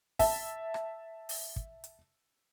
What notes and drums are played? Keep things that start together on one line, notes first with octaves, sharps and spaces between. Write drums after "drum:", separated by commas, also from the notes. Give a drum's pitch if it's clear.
E5 A5, drum: kick, open hi-hat
drum: rim click
drum: open hi-hat
drum: kick
drum: hi-hat